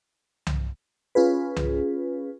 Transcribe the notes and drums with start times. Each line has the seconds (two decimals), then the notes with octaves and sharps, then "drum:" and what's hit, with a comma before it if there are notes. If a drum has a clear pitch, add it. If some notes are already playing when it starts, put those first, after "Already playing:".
0.47 drum: tom C2
1.15 C#4 F4 G#4 B4
1.56 drum: tom C2